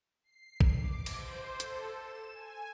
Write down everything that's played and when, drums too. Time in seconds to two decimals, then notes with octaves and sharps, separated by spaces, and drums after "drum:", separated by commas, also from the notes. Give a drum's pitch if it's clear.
0.24 C7
0.61 drum: kick A#1
0.78 D6
1.06 drum: cymbal
1.17 C5
1.60 A4, drum: hi-hat
1.92 E7
2.31 G#5